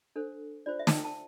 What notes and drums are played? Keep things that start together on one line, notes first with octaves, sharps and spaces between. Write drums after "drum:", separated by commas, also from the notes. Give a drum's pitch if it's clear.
D4 A4 C5
D4 F4 C5 D5
E5
A5, drum: snare
G5
A5